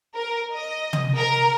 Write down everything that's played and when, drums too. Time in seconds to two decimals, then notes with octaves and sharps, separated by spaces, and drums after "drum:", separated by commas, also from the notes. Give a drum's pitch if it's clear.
0.15 A#4
0.53 D#5
0.93 drum: tom
1.16 A#4